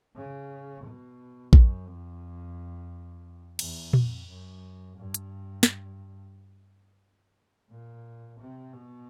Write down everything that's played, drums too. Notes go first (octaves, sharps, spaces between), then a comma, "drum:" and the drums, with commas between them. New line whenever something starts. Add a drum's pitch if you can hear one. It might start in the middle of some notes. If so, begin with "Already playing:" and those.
C#3
B2
F#2, drum: kick A#1
F2
E2, drum: cymbal
F2, drum: tom A#2
F#2
G2
drum: hi-hat
drum: snare
A#2
C3
B2